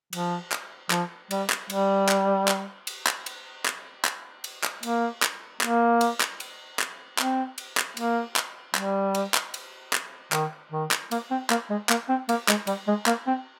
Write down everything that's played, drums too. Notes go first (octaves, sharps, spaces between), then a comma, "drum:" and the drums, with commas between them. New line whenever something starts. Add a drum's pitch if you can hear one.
F3, drum: cymbal
drum: clap
F3, drum: clap
G3, drum: cymbal
drum: clap
G3, drum: cymbal
drum: clap
drum: clap
drum: cymbal
drum: clap
drum: cymbal
drum: clap
drum: clap
drum: cymbal
drum: clap
A#3, drum: cymbal
drum: clap
A#3, drum: clap
drum: cymbal
drum: clap
drum: cymbal
drum: clap
C4, drum: clap
drum: cymbal
drum: clap
A#3, drum: cymbal
drum: clap
G3, drum: clap
drum: cymbal
drum: clap
drum: cymbal
drum: clap
D#3, drum: clap
D#3
drum: clap
A#3, drum: cymbal
C4
A#3, drum: clap
G#3
A#3, drum: clap
C4
A#3, drum: cymbal
G#3, drum: clap
G3, drum: cymbal
G#3
A#3, drum: clap
C4